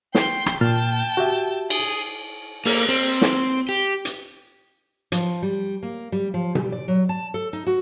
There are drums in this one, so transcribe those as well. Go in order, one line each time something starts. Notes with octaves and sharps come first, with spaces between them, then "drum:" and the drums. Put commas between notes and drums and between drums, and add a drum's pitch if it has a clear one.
G5 C6, drum: snare
drum: rim click
A#2 G5 A5 F6 A6
F#4 G4 E5
G#4, drum: cymbal
A#3, drum: open hi-hat
C4
drum: snare
G4
drum: hi-hat
F3, drum: hi-hat
G3
A#3
G3
F3
G3, drum: tom B2
D5
F#3
A5
A4
D#4
F#4